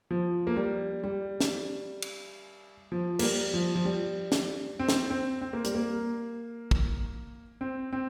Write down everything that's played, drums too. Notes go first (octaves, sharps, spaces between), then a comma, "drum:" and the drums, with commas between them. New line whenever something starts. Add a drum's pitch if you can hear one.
F3
A#3
G3
G3
drum: snare
drum: cymbal
F3
A#3, drum: cymbal
G3
F3
F3
G3
drum: snare
C4
drum: snare
C4
C4
A#3
G3, drum: hi-hat
A#3
drum: kick
C4
C4